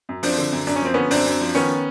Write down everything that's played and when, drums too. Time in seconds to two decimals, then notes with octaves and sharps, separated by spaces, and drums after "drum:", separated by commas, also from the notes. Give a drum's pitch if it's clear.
0.09 F#2
0.23 F3 C4 D4, drum: open hi-hat
0.38 D3
0.53 F#2
0.67 F#2 D4, drum: hi-hat
0.76 C#4
0.82 F3 C4
0.94 D3 B3 C#4
1.11 F#2 C4 D4, drum: open hi-hat
1.26 F#2
1.41 F3
1.55 D#3 B3 C#4, drum: hi-hat